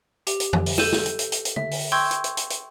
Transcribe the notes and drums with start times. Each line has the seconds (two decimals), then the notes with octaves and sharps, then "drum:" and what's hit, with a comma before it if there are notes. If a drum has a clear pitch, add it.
0.27 G4, drum: hi-hat
0.40 drum: hi-hat
0.53 drum: tom F2
0.66 drum: open hi-hat
0.78 A4 G6 D#7 E7, drum: snare
0.92 drum: snare
1.06 drum: hi-hat
1.19 drum: hi-hat
1.32 drum: hi-hat
1.45 drum: hi-hat
1.56 E5, drum: tom D3
1.71 drum: open hi-hat
1.92 G5 C6 C#6 E6 G6 G#6
2.11 drum: hi-hat
2.24 drum: hi-hat
2.37 drum: hi-hat
2.50 drum: hi-hat